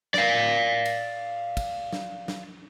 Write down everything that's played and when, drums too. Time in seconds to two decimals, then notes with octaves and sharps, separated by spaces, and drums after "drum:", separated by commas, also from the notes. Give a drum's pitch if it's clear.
0.14 D5 F5, drum: snare
0.85 drum: cymbal
1.57 drum: kick, cymbal
1.93 drum: snare
2.28 drum: snare